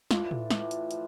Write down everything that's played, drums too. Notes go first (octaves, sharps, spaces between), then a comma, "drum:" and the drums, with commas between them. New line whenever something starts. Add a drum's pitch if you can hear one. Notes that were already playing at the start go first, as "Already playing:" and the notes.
A2 E3 A3 D4 F4, drum: snare
drum: tom
A2 E3 A3 D4, drum: snare
drum: hi-hat
F3, drum: hi-hat